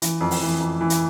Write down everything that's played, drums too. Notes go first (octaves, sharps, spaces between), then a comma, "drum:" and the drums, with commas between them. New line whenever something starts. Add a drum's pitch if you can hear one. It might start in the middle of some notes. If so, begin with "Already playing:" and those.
E3, drum: hi-hat
F2
drum: open hi-hat
E3
F2
E3
drum: hi-hat